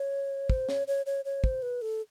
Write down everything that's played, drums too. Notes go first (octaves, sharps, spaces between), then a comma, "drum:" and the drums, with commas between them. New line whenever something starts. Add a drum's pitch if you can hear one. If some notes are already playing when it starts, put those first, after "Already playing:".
Already playing: C#5
C5, drum: kick
C#5, drum: snare
C#5
C#5
C#5
C5, drum: kick
B4
A4